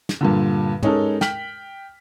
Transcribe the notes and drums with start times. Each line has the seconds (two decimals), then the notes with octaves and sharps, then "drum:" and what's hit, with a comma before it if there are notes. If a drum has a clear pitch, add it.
0.09 drum: snare
0.21 G2 A#2 D3
0.83 G#3 C#4 D#4 A4 A#4, drum: tom
1.21 G5 F6 B6 F#7, drum: snare